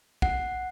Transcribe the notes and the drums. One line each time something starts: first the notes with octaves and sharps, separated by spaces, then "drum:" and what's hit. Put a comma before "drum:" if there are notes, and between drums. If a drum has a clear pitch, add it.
F#5, drum: kick